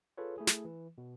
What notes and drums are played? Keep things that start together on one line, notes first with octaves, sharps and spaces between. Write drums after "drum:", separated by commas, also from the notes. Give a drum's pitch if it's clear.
F4 G#4 A4 B4 C#5
A3 E4 G#4
drum: snare
E3
B2